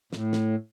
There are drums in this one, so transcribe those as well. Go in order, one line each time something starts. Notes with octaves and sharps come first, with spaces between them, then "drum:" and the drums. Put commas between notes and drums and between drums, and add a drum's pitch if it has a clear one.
A2, drum: snare
drum: snare